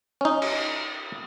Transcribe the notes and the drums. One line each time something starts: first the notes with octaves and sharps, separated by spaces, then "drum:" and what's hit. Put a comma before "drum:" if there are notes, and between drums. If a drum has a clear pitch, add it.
C#4 D#4
drum: cymbal